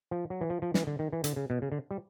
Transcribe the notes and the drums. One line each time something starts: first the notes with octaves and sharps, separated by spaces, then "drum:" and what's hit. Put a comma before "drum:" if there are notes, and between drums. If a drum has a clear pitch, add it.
F3
F#3
E3
F3
F3
E3, drum: snare
D3
D#3
E3
D3, drum: hi-hat
C#3
B2
C#3
D3
G3